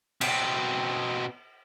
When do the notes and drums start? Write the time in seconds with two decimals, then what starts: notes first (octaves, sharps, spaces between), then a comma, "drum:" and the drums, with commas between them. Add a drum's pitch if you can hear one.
0.21 B2 C4, drum: cymbal